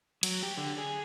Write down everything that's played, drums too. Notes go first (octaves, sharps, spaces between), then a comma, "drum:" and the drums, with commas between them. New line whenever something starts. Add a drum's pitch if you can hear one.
F#3, drum: cymbal
G4
D3
G#4